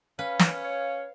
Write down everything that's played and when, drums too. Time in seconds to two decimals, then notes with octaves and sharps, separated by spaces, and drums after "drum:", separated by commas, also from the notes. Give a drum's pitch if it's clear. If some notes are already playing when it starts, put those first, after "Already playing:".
0.19 C#4 B4 F5
0.39 drum: snare
0.64 C#5